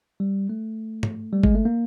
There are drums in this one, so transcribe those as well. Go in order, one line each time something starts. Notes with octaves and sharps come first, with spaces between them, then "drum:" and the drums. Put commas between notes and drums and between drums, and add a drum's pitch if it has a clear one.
G3
A3
drum: tom
G3
G#3, drum: kick G1
A3
A#3